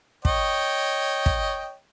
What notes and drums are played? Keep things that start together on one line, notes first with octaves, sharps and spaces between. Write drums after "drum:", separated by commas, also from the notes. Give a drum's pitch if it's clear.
C#5 D#5 G5, drum: kick
drum: kick